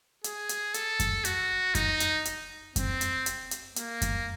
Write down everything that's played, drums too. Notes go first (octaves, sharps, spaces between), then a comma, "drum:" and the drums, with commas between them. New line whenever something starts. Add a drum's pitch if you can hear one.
G#4, drum: hi-hat
drum: hi-hat
A4, drum: hi-hat
drum: kick F#2, hi-hat
F#4, drum: hi-hat
D#4, drum: kick F#2, hi-hat
drum: hi-hat
drum: hi-hat
C4, drum: kick F#2, hi-hat
drum: hi-hat
drum: hi-hat
drum: hi-hat
A#3, drum: hi-hat
drum: kick F#2, hi-hat